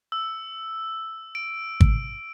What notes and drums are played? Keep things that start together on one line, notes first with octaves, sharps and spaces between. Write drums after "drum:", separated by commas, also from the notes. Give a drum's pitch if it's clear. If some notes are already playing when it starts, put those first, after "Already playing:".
E6
D7
drum: kick